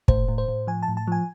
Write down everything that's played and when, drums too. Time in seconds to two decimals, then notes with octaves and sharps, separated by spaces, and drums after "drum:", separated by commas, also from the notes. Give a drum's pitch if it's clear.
0.08 A2 C5, drum: kick
0.28 A2
0.38 C5
0.48 A2
0.67 F3 G#5
0.83 A5
0.88 A2
0.97 A5
1.07 F3 G#5